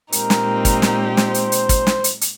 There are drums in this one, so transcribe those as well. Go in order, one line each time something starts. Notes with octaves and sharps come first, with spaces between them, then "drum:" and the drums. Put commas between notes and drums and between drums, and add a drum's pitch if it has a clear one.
A#2 G#3 C4 D#4 G4 A#4, drum: hi-hat
drum: snare
drum: kick, hi-hat
drum: snare
C5, drum: snare
drum: hi-hat
drum: hi-hat
drum: kick, hi-hat
drum: snare
drum: hi-hat
drum: hi-hat